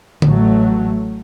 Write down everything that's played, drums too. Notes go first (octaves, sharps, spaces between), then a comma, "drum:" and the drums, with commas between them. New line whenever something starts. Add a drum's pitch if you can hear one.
A1 F#3 A3, drum: tom D3